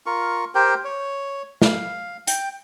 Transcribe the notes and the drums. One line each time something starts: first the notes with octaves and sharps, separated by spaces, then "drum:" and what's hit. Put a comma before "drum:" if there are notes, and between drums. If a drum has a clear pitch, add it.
F4 A#4 C#6
G4 A#4 C5 G5
C#5
F5, drum: snare
G5, drum: hi-hat